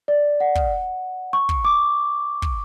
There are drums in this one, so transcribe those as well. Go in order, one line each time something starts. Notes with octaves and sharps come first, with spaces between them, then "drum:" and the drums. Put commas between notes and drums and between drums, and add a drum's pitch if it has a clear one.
D5
F#5
drum: kick
C#6
drum: kick
D6
drum: kick